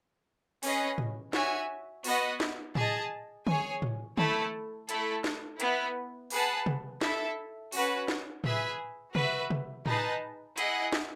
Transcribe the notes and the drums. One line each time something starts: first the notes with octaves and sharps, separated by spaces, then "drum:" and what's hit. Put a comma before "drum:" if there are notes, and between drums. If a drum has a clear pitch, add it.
C#4 G#4 B4 D#5, drum: open hi-hat
drum: tom A2
F#4 C#5 E5 G#5, drum: snare
B3 F#4 B4 D#5, drum: open hi-hat
drum: snare
G#4 D#5 A5, drum: tom A2
G#4 C#5 G#5, drum: tom D3
drum: tom A2
A3 E4 A4, drum: tom D3
A3 E4 A4, drum: hi-hat
drum: snare
B3 E4 B4, drum: hi-hat
G#4 B4 F#5 A5, drum: open hi-hat
drum: tom C3
E4 A4 E5, drum: snare
C#4 F#4 B4, drum: open hi-hat
drum: snare
G#4 B4 E5 G#5, drum: tom A2
F#4 B4 E5, drum: tom C3
drum: tom C3
D#4 G#4 B4 D#5 A5, drum: tom A2
E4 G#4 D#5 F#5, drum: hi-hat
drum: snare